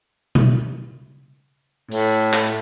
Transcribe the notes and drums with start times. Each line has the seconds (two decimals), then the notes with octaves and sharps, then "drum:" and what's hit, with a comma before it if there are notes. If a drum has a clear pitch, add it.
0.35 drum: tom B2
1.91 A2, drum: open hi-hat
2.33 drum: clap